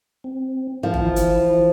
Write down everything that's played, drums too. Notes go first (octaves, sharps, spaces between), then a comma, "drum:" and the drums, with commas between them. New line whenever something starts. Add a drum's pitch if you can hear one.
C4
E3 F3 E4
drum: tom
drum: hi-hat